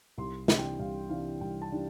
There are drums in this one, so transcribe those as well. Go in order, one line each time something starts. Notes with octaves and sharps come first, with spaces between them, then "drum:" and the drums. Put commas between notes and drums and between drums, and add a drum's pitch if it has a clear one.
C2 C6
C3 E3 G3 D4, drum: snare
G5
C2 F5
C3 E3 G3 D4 F5
C2 G5
A5
E3 G3 D4